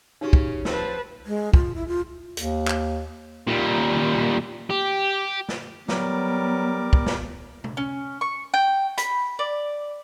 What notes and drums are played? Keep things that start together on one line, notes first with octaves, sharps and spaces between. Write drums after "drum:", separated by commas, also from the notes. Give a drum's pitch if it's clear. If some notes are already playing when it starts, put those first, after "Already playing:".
C#3 C#4 D#4 F#4 G4
drum: kick
F3 C4 B4 A5, drum: snare
G#3
F4, drum: kick
E4
F4
D#2, drum: hi-hat
drum: clap
A#2 G3
G4
drum: snare
F#3 G3 B3 A#4 D6, drum: snare
drum: kick
drum: snare
drum: tom
C#4
C#6
G5
B5, drum: hi-hat
D5